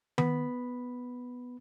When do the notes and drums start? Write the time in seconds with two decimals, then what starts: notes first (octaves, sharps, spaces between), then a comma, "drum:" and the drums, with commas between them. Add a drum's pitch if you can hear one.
0.18 B3 B5, drum: tom D#3